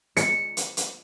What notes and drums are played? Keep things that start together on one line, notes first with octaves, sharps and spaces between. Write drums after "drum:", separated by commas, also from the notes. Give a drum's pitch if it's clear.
C#7, drum: hi-hat
drum: hi-hat
drum: hi-hat